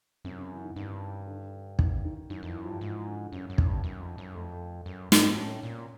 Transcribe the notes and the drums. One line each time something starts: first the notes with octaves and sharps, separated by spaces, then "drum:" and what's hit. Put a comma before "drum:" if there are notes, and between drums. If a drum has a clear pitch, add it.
F#2 C3
C#3
E3
D#3
G2 D#3
D3
D#3, drum: kick
D#3
F#2 D#3
F2 E3
F#2
G2 F3
G#2 E3
D3
F#2 C#3
F#2
D#3, drum: kick
G2
F#2
F2
F#2
F2 A3
F#2
G#2 C4, drum: snare
A2 C#4
A#2